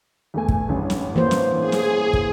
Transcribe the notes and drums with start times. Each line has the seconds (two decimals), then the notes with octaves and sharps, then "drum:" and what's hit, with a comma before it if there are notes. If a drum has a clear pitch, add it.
0.34 E2 A3 G#5
0.48 drum: kick
0.69 A1 G2
0.90 drum: snare
1.16 E3 A#3 C5
1.31 drum: snare
1.60 G#4
1.72 drum: snare
2.13 drum: kick